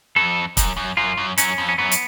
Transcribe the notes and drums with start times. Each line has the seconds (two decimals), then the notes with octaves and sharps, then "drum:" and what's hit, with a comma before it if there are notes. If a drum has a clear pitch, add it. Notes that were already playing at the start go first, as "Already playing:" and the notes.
0.16 F2 A4
0.57 F#2, drum: kick, hi-hat
0.77 F#2
0.97 F#2 F4
1.17 F#2
1.38 F#2 C#4, drum: hi-hat
1.58 F2
1.69 C#4
1.78 F#2 B3
1.92 drum: hi-hat